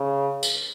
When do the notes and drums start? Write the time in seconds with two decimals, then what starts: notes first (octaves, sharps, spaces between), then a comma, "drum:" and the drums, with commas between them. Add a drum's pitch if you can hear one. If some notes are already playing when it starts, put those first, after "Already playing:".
Already playing: C#3
0.43 drum: tambourine